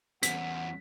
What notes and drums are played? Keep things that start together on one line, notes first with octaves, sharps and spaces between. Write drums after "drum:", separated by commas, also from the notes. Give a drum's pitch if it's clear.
E2 C#4 F#5 B6, drum: hi-hat